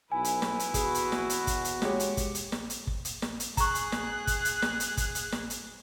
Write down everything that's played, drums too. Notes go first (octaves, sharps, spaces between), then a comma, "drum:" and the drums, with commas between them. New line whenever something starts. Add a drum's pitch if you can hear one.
B1 E4 B4 G#5
drum: hi-hat
drum: snare
drum: hi-hat
E2 F#4 G#4, drum: kick, hi-hat
drum: hi-hat
drum: snare
drum: hi-hat
drum: kick, hi-hat
drum: hi-hat
G#3 G4 C#5, drum: snare
drum: hi-hat
drum: kick, hi-hat
drum: hi-hat
drum: snare
drum: hi-hat
drum: kick
drum: hi-hat
drum: snare
drum: hi-hat
G#4 A#5 C#6 F#6, drum: kick, hi-hat
drum: hi-hat
drum: snare
drum: kick, hi-hat
drum: hi-hat
drum: snare
drum: hi-hat
drum: kick, hi-hat
drum: hi-hat
drum: snare
drum: hi-hat